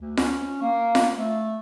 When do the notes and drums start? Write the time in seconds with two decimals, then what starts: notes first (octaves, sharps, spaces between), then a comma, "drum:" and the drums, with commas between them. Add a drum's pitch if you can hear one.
0.01 D2
0.17 C#4, drum: snare F4
0.62 A#3
0.95 drum: snare F4
1.14 A3